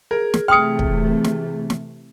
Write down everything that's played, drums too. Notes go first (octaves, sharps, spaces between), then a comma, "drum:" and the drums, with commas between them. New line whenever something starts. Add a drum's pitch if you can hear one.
G#4 A#4
drum: snare
C3 E3 A3 G5 C6 D#6 F6 C#7
drum: kick
drum: snare
drum: snare